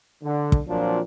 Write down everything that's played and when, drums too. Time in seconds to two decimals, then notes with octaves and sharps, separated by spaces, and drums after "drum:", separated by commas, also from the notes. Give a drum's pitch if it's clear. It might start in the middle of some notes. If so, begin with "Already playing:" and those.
0.23 D3
0.52 drum: kick
0.67 A#2 F3 F#3 C4 D4